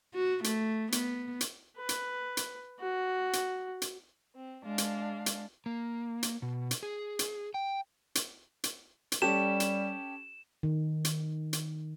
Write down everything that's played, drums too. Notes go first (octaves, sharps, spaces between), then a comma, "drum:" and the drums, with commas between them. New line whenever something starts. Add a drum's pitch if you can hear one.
F#4
A3, drum: hi-hat
B3, drum: hi-hat
drum: hi-hat
B4
drum: hi-hat
drum: hi-hat
F#4
drum: hi-hat
drum: hi-hat
C4
G#3 D4 F5
drum: hi-hat
drum: hi-hat
A#3
drum: hi-hat
B2
drum: hi-hat
G#4
drum: hi-hat
G5
drum: hi-hat
drum: hi-hat
drum: hi-hat
G3 C#4 G4 A4 E7
drum: hi-hat
D#3
drum: hi-hat
drum: hi-hat